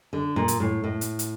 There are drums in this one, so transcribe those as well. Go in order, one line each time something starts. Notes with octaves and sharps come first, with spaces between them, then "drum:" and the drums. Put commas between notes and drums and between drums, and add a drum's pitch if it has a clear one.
D3
A#2
drum: hi-hat
A2
A2
drum: hi-hat
drum: hi-hat